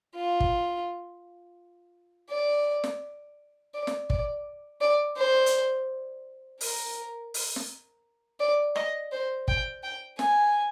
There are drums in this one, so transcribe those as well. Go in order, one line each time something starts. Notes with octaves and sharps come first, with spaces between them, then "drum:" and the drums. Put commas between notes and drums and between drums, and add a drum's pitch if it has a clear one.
F4
drum: kick
D5
drum: snare
D5
drum: snare
D5, drum: kick
D5
C5
drum: hi-hat
A#4, drum: open hi-hat
drum: open hi-hat
drum: snare
D5
D#5, drum: rim click
C5
G5, drum: kick
G5
G#5, drum: snare